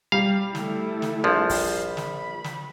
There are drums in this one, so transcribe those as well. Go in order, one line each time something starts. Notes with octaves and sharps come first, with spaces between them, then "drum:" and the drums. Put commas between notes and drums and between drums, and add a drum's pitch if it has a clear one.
G3 F5
A3 E4, drum: snare
drum: snare
A#1 F3
drum: kick, open hi-hat
B5
drum: snare
drum: snare